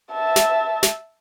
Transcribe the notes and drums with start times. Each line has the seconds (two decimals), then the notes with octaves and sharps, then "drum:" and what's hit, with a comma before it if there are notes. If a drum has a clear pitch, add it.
0.12 E5 A5
0.36 drum: snare
0.83 drum: snare